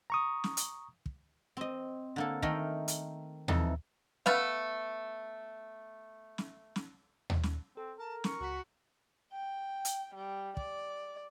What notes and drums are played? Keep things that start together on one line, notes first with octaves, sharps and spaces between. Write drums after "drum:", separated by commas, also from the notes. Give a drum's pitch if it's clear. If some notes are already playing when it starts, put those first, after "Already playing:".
A#5 C#6 D#6
drum: snare
drum: hi-hat
drum: kick
C4 D#5
D3 A#3 A4
D#3 A3 A#4 D#5 G5, drum: kick
drum: hi-hat
F2 E3 D#4 A4, drum: tom D#2
A3 B3 B4 F5, drum: snare
drum: snare
drum: snare
drum: tom D#2
drum: snare
C4 A4
A#4 A5
C#6, drum: snare
C#2 F#4 A#5 B6
G5
drum: hi-hat
G3
D5, drum: kick